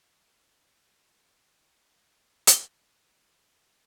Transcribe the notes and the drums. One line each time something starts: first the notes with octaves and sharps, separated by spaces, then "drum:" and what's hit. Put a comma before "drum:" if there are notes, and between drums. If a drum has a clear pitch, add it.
F#4 G#4 C5 D5
C#5
A2 G#4 A4 C5
G#3 A#4
F3 A#3 F#4 G6 G#6 F#7
drum: hi-hat